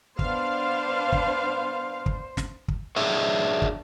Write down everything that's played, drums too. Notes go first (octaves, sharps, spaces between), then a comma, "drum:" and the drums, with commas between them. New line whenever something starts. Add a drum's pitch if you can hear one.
B3 D4 C5 F5, drum: kick
drum: kick
drum: kick
drum: snare
drum: kick
D4 G#4 C#5 E5
drum: kick